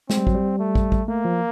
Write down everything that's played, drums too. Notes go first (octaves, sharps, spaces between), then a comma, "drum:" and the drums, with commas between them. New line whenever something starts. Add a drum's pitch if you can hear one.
G#3 C4, drum: snare
G3
F#3, drum: kick
G3
A3
drum: kick
drum: kick
A3 A#3
F3